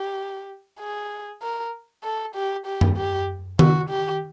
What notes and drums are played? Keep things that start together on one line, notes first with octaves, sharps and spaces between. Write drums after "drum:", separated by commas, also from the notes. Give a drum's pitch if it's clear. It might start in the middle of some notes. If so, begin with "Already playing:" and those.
Already playing: G4
G#4
A#4
A4
G4
G4
drum: tom F#2
G4
F#4, drum: tom D#3
G4